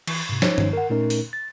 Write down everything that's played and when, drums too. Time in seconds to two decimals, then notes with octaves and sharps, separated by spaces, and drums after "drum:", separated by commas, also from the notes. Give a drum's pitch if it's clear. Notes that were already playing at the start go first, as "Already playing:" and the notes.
0.07 E3, drum: cymbal
0.29 G#2 C3
0.42 F3 C#4 D#4 C5 C#5, drum: snare
0.58 drum: tom
0.73 A#4 F#5
0.90 A#2 A3 C#4 D#4 A#4
1.10 drum: open hi-hat
1.33 A6